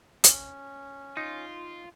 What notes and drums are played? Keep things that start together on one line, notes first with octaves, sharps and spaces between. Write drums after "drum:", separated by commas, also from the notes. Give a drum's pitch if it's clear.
C#4, drum: hi-hat
D#4 F4